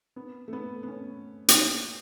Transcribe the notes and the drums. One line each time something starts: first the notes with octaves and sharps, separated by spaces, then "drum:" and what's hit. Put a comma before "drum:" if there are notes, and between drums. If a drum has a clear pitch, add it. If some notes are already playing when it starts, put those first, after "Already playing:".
B3
A3
B3
B3
C#4
drum: hi-hat